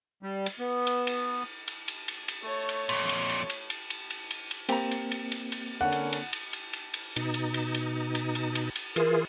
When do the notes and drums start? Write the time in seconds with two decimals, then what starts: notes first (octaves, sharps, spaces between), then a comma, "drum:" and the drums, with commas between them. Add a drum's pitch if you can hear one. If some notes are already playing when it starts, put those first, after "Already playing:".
0.23 G3
0.46 drum: cymbal
0.59 B3
0.87 drum: cymbal
1.07 drum: cymbal
1.68 drum: cymbal
1.88 drum: cymbal
2.08 drum: cymbal
2.28 drum: cymbal
2.42 A3 C#5
2.69 drum: cymbal
2.89 F2 A#2, drum: cymbal
3.09 drum: cymbal
3.29 drum: cymbal
3.50 drum: cymbal
3.70 drum: cymbal
3.90 drum: cymbal
4.10 drum: cymbal
4.31 drum: cymbal
4.51 drum: cymbal
4.69 A#3 C4 G4 A#5, drum: cymbal
4.91 drum: cymbal
5.12 drum: cymbal
5.32 drum: cymbal
5.52 drum: cymbal
5.81 D3 C#4 A#4 F#5
5.92 drum: cymbal
6.13 drum: cymbal
6.33 drum: cymbal
6.53 drum: cymbal
6.73 drum: cymbal
6.94 drum: cymbal
7.16 B2 D#4, drum: cymbal
7.34 drum: cymbal
7.54 drum: cymbal
7.74 drum: cymbal
8.15 drum: cymbal
8.35 drum: cymbal
8.55 drum: cymbal
8.76 drum: cymbal
8.96 E3 F4 G#4 A#4, drum: cymbal